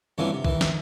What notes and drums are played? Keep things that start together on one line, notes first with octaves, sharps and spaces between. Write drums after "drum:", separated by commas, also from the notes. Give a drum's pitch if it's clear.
G2 A#2 D3 E3 C4 C#4
C3
D#3 E3, drum: kick B1
drum: snare